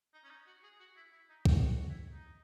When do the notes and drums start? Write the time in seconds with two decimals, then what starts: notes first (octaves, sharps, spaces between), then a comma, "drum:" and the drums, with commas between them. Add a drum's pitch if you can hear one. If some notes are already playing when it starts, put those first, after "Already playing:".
0.13 D#4
0.24 C#4
0.30 D#4
0.47 F#4
0.63 G#4
0.79 F#4
0.97 E4
1.12 E4
1.29 D#4
1.45 D#4, drum: kick
1.68 F#4
1.89 E4
2.12 D#4